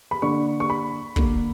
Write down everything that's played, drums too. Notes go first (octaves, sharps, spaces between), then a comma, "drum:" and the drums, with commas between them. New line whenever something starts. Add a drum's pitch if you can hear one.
B5
D3 A#3 D4 C#6
C#6
B5
D3 A#3 D4, drum: kick